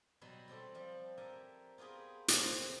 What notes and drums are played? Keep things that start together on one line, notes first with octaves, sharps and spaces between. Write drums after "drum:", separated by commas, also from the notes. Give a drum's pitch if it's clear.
B2 F#3 G3 B3 B5
G3 C4 G4 A4
F3 G3
G4 A#4 E5 G#5 A5
B3 F4 G4 G#4 A#4
F2 C3 C4, drum: hi-hat